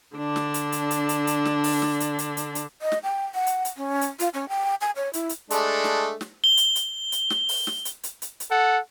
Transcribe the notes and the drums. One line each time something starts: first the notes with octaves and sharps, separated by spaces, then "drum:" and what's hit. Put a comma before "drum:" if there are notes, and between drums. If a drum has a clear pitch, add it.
D3 D4
drum: snare
drum: hi-hat
drum: hi-hat
drum: hi-hat
drum: hi-hat
drum: hi-hat
drum: snare
drum: open hi-hat
drum: snare
drum: hi-hat
drum: hi-hat
drum: hi-hat
drum: hi-hat
D#5
drum: snare
G5
F#5
drum: hi-hat
drum: hi-hat
C#4
drum: hi-hat
F4, drum: hi-hat
C#4
G5
G#5
C#5
E4, drum: hi-hat
drum: hi-hat
G#3 A3 D4, drum: hi-hat
drum: snare
drum: snare
G7
drum: hi-hat
drum: hi-hat
drum: hi-hat
drum: snare
drum: open hi-hat
drum: snare
drum: hi-hat
drum: hi-hat
drum: hi-hat
drum: hi-hat
A4 F#5